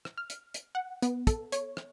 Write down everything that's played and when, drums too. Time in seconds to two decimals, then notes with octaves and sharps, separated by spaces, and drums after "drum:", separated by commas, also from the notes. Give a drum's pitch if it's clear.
0.05 drum: rim click
0.18 F6
0.30 drum: hi-hat
0.54 drum: hi-hat
0.75 F#5
1.02 B3, drum: hi-hat
1.27 A4, drum: kick, hi-hat
1.52 C#5, drum: hi-hat
1.77 drum: rim click